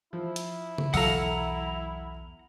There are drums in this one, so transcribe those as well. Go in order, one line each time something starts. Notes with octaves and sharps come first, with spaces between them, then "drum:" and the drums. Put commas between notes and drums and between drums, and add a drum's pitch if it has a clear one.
F3 E4
drum: hi-hat
drum: tom C#3
B1 E2 F#3 A4 F5 F#5 A#5 E6, drum: open hi-hat